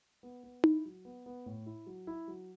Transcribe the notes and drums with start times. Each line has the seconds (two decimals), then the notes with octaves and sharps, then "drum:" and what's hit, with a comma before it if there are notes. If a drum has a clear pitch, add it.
0.23 B3
0.43 B3
0.64 E4, drum: tom D#4
0.85 F#3
1.05 B3
1.26 B3
1.46 A2
1.66 E4
1.86 F#3
2.07 E4
2.28 F#3